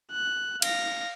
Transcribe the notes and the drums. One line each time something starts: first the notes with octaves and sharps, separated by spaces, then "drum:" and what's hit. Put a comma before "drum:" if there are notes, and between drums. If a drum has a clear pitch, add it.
F#6
F5 A#6, drum: cymbal